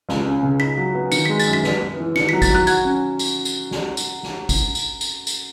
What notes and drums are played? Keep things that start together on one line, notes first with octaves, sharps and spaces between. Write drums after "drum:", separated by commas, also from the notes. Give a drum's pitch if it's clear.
C#2, drum: snare
C#4
C#3
D#4 B6
F#3
B3
D#3 C#7, drum: tambourine
G#3 B6
A6, drum: tambourine
F#2
B6
B3, drum: snare
B3
E3
D#3 C#7, drum: snare
B6
F#3
A6, drum: kick G#1, tambourine
F#3 F#6
F#4 G#6, drum: tambourine
C#4
drum: tambourine
drum: tambourine
drum: snare
drum: tambourine
drum: snare
drum: kick G#1, tambourine
drum: tambourine
drum: tambourine
drum: tambourine